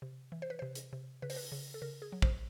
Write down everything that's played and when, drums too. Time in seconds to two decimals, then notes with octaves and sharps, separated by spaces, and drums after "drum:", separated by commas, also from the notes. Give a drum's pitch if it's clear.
0.02 C3
0.32 E3
0.42 C5
0.50 B4
0.59 C3 C5
0.75 drum: hi-hat
0.93 C3
1.22 C#3 B4
1.30 C5, drum: open hi-hat
1.36 B4
1.52 C#3
1.74 A4
1.82 C#3 A#4
2.02 G#4
2.12 F#3
2.22 C5, drum: kick